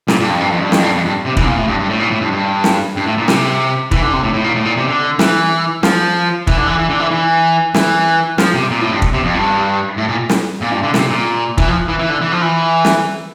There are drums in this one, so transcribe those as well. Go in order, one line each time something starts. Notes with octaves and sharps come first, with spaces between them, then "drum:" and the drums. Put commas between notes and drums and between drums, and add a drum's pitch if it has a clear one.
A#2, drum: snare
G2
F2
G2
F2
G2
F2, drum: snare
G2
F2
G2
C3
E3, drum: kick
A#2
A2
G2
G2
A2
A#2
A2
G2
G2
drum: snare
G2
A2
A#2
C3, drum: snare
E3, drum: kick
D3
C3
A2
A2
A#2
A2
A#2
C3
D3
E3, drum: snare
F3, drum: snare
E3, drum: kick
D3
E3
E3
D3
E3
E3
E3, drum: snare
F3, drum: snare
C3
A#2
A2
G2
drum: kick
C3
F2
G2
A2
A#2
drum: snare
A#2
G2
D3
C3, drum: snare
A#2
E3, drum: kick
F3
E3
E3
D3
E3
F3
E3
drum: snare